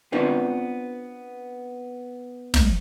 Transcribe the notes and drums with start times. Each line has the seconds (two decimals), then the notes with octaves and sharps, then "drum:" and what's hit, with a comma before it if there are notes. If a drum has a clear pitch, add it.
0.12 B3 C4 D4 F4 B4
2.54 drum: snare